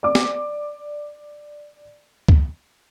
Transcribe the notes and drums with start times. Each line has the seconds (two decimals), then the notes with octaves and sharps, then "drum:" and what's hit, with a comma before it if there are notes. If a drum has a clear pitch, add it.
0.03 D5 D6
0.15 drum: snare
2.29 drum: kick C#2